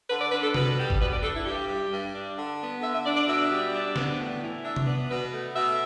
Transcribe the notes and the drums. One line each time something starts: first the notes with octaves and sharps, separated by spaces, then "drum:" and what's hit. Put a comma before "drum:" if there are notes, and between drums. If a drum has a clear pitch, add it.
D3 B4
D5
D4 B4
A4
B2 B4, drum: tom C3
G3
drum: kick
B2 B4
D5
D4 A4
E4
G2 G4
G3
G2
D4
D3
B3
D3 E5
E5
D4 D5
D5
B2 E5
G3
D4
B3, drum: snare
A2
E3
D4 E5
drum: tom C3
B3 D5
B2 B4
A3
B2 E5